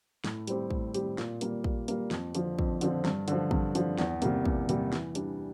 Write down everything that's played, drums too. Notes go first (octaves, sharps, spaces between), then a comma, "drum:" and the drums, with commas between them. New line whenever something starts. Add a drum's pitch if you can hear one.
A2, drum: snare
G3 C4 G4, drum: hi-hat
A2, drum: kick
G3 C4 G4, drum: hi-hat
A#2, drum: snare
G3 A#3, drum: hi-hat
A#2, drum: kick
G3 A#3, drum: hi-hat
F2, drum: snare
D3 F3 C4, drum: hi-hat
F2, drum: kick
D3 F3 C4, drum: hi-hat
G2, drum: snare
D3 F3, drum: hi-hat
G2, drum: kick
D3 F3, drum: hi-hat
E2, drum: snare
C3 G3 A#3, drum: hi-hat
E2, drum: kick
C3 G3 A#3, drum: hi-hat
E3, drum: snare
G3 D4, drum: hi-hat